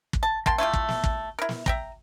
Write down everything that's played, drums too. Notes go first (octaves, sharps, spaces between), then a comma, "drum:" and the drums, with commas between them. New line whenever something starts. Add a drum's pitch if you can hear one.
drum: kick
A5
A#3 G5 A5 C6, drum: kick
A3 E4 F4 G4
drum: kick
drum: snare
drum: kick
E4 A#4
drum: snare
E5 G5 A#5, drum: kick